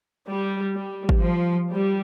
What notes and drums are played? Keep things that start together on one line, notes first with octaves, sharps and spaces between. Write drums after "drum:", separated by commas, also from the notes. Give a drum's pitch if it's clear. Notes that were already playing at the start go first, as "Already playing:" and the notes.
G3
G3
drum: kick G#1
F3
G3